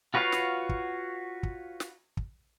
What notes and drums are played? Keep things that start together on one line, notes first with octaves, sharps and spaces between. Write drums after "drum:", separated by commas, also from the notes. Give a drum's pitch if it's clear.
F4 F#4 B4 C#5 F5
drum: snare
drum: kick
drum: kick
drum: snare
drum: kick